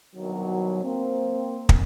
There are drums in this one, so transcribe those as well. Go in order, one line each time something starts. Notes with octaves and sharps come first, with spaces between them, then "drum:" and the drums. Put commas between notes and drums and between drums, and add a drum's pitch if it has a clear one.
C2 B2 D#3 F#3
A#3 C4
drum: kick